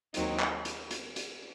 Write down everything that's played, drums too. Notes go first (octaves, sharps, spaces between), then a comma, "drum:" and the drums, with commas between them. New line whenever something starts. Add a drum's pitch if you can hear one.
D#2 D#3 F#3 C4 D#4, drum: hi-hat
drum: clap
drum: hi-hat
drum: hi-hat
drum: hi-hat